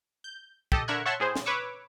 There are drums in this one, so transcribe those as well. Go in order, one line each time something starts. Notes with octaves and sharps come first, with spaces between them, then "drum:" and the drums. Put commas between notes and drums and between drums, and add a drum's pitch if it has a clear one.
G6
G4 A4 D#5, drum: kick
D3 A#4 E5 C#6 F#6 G#6
C#5 E5 F#5 A5 C6 C#6
A2 G#4 C5
drum: snare
B4 C#5 C#6 D6 E6